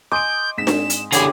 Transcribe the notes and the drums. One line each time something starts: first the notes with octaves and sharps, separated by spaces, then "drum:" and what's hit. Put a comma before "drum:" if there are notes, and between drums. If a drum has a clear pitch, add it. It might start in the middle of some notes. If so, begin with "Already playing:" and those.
D#5 G#5 C6 D6 G6 D7
G#2 C4 B6 E7
drum: snare D4
drum: hi-hat
D3 C#4 E4 G4 G#4 G#6, drum: hi-hat